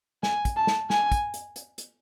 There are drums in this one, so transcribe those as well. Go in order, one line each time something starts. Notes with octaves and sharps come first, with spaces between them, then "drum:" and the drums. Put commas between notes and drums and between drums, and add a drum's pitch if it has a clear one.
G#5, drum: snare
drum: kick, hi-hat
A5
drum: snare
G#5, drum: snare
drum: kick, hi-hat
drum: hi-hat
drum: hi-hat
drum: hi-hat